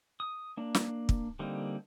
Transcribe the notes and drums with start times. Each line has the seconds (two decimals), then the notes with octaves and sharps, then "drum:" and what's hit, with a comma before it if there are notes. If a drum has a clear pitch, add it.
0.20 D#6
0.57 A#3 D4
0.75 drum: snare
1.09 drum: kick
1.39 D3 G3 A#3 C4 D#4